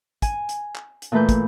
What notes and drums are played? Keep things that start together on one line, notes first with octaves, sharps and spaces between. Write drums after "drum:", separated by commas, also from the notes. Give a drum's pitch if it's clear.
G#5, drum: kick, hi-hat
drum: hi-hat
drum: clap
drum: hi-hat
A#2 E3 A3 B4 G6
drum: kick, hi-hat